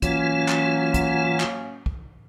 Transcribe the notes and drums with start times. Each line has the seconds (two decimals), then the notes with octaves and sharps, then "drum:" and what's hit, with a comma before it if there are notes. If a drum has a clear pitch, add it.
0.02 E3 F#3 A#3 C#4 F4, drum: kick, hi-hat
0.48 drum: clap
0.94 drum: kick, hi-hat
1.40 drum: clap
1.86 drum: kick